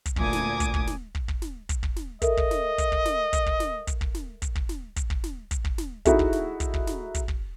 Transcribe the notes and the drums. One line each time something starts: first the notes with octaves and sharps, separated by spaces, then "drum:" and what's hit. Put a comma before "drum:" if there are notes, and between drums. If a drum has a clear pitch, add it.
drum: kick, hi-hat
D2 A#2 G#5 D6 D#6 G#6, drum: kick
drum: snare
drum: kick, hi-hat
drum: kick
drum: snare
drum: kick
drum: kick
drum: snare
drum: kick, hi-hat
drum: kick
drum: snare
A4 A#4 D#5 E5, drum: kick, hi-hat
drum: kick
drum: snare
drum: kick, hi-hat
drum: kick
drum: snare
drum: kick, hi-hat
drum: kick
drum: snare
drum: kick, hi-hat
drum: kick
drum: snare
drum: kick, hi-hat
drum: kick
drum: snare
drum: kick, hi-hat
drum: kick
drum: snare
drum: kick, hi-hat
drum: kick
drum: snare
D#4 E4 F#4 G#4 A4 E5, drum: kick, hi-hat
drum: kick
drum: snare
drum: kick, hi-hat
drum: kick
drum: snare
drum: kick, hi-hat
drum: kick